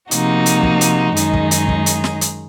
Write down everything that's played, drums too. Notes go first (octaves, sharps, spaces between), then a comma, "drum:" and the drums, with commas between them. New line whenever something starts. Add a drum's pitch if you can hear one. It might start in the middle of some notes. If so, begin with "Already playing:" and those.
C3 F3 A#3 D#4 F#4, drum: hi-hat
drum: hi-hat
drum: kick
drum: hi-hat
F#2 D#3 G#3 D#4 G#4, drum: hi-hat
drum: kick
drum: hi-hat
drum: kick
drum: hi-hat
drum: snare
drum: hi-hat